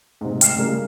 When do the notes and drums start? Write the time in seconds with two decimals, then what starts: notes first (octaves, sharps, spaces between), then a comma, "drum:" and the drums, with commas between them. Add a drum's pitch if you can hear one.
0.21 G#2 C3
0.41 G5 F6 C7 E7, drum: hi-hat
0.56 C#3 G3 G#3 A#3